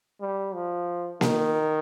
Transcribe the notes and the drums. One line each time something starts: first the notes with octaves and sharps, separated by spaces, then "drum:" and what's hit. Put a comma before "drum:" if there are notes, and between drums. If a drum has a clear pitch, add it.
G3
F3
D#3, drum: snare A#3